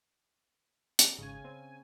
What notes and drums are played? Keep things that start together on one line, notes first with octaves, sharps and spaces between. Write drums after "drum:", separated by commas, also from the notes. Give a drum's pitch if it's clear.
drum: hi-hat
G#1 C#3 G#5
C4